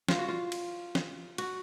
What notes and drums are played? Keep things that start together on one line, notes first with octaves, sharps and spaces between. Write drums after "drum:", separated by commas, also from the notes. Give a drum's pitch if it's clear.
F4, drum: snare
F#4
F4
drum: cymbal
drum: snare
F#4, drum: cymbal